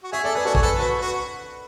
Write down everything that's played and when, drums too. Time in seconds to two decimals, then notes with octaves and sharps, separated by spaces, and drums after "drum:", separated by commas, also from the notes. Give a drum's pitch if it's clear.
0.03 F#4
0.12 G#4 E5
0.24 A4 D5
0.35 G#4 B4
0.45 F#4 A4
0.55 G#4, drum: kick A1
0.63 A4 B4
0.79 F#4 B4
1.01 F#4